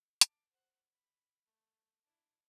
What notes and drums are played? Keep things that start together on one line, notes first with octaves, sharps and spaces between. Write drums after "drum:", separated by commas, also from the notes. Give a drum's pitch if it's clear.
A5 D6, drum: hi-hat
C5 F#5
B5
A3
D4 E4